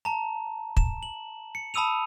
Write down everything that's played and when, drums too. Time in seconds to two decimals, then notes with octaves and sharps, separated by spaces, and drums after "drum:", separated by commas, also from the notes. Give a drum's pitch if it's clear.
0.05 A5 A#5
0.77 E7, drum: kick
1.03 F#7
1.55 C#7
1.74 A5 B5 D#6 E6 D#7 F7